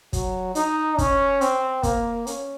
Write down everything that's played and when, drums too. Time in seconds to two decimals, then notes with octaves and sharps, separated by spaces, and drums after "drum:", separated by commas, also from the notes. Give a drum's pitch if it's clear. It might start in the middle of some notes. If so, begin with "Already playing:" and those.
0.13 F#3, drum: kick, hi-hat
0.55 D#4, drum: hi-hat
0.98 C#4, drum: kick, hi-hat
1.41 C4, drum: hi-hat
1.83 A#3, drum: kick, hi-hat
2.27 C#4, drum: hi-hat